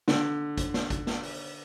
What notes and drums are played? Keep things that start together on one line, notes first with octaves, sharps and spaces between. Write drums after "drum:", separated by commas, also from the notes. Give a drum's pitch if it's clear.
D3, drum: snare
drum: kick G#1, hi-hat
drum: snare
drum: kick G#1, hi-hat
drum: snare
drum: open hi-hat